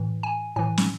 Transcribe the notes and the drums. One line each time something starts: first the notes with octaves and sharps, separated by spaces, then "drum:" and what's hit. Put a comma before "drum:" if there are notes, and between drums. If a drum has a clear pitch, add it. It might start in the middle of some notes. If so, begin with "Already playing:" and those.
Already playing: A2 E3
G#5
A2 E3 G#5
drum: snare